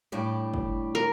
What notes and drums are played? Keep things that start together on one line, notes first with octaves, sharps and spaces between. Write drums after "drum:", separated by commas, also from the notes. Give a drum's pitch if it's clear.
A2 G3 D4
drum: kick
A#4